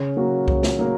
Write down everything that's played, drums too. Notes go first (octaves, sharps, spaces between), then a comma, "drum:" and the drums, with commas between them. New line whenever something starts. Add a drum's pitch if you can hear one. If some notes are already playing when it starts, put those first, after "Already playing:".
Already playing: C#3
F#3 A#3 F#4
C#3, drum: kick C2
drum: snare
F#3 A#3